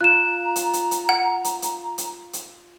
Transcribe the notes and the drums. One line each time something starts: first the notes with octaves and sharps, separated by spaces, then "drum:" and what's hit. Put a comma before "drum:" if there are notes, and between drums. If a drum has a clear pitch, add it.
F4 A#5 F#6 E7
drum: hi-hat
drum: hi-hat
drum: hi-hat
F#5
drum: hi-hat
drum: hi-hat
drum: hi-hat
drum: hi-hat